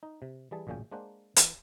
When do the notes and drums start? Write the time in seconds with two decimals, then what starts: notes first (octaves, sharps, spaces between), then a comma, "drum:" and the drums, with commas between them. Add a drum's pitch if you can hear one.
0.03 D#4
0.22 C3
0.51 E3 G3 G#4 A5
0.67 A1 F#2 A#2 C#3 C#4 G5
0.92 G#3 A#3 D4 C5 F#5
1.36 E3, drum: hi-hat